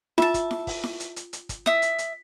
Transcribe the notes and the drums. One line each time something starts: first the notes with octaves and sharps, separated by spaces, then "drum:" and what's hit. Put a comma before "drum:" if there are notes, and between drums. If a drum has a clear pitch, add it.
F4 E5 A5, drum: snare E4
drum: kick, hi-hat
drum: snare E4
drum: kick, open hi-hat
drum: snare E4
drum: hi-hat
drum: hi-hat
drum: hi-hat
drum: kick, hi-hat
E5 D#6, drum: snare E4
drum: hi-hat
drum: hi-hat